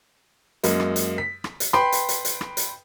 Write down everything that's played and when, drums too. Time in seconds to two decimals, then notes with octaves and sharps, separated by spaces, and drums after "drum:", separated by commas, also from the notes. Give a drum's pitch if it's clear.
0.64 F#2 G#3 A#3, drum: hi-hat
0.80 drum: rim click
0.96 drum: hi-hat
1.18 B6
1.44 drum: rim click
1.60 drum: hi-hat
1.73 B4 G5 B5 C6, drum: rim click
1.92 drum: hi-hat
2.09 drum: hi-hat
2.25 drum: hi-hat
2.41 drum: rim click
2.57 drum: hi-hat